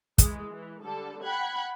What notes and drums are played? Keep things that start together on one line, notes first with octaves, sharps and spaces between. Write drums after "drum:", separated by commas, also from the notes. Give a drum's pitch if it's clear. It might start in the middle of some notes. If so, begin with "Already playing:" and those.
E3 G#3, drum: kick, hi-hat
E3
D3 G3 A4
F#5 G5 B5 F#6 G#6